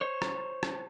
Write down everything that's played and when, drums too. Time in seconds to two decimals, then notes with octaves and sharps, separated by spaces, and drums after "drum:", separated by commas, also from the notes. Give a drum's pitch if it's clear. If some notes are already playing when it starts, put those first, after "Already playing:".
0.01 C5 C#5
0.22 drum: rim click
0.63 drum: rim click